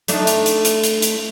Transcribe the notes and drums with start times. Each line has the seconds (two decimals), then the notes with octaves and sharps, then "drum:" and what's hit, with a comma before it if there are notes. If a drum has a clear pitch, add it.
0.08 A3 D4 D#4, drum: hi-hat
0.27 drum: hi-hat
0.46 drum: hi-hat
0.65 drum: hi-hat
0.84 drum: hi-hat
1.02 drum: hi-hat